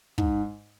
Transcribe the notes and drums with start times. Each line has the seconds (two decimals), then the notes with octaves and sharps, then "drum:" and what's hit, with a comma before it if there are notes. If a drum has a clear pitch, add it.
0.18 G#2, drum: kick